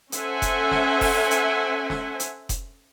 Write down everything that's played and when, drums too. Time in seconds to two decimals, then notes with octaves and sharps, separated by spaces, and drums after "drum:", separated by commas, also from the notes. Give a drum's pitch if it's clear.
0.12 C#4 A4 C5 E5 F#5 G#5, drum: hi-hat
0.42 drum: kick F1, hi-hat
0.71 drum: snare
1.01 drum: kick F1, open hi-hat
1.31 drum: hi-hat
1.90 drum: snare
2.20 drum: hi-hat
2.49 drum: kick F1, hi-hat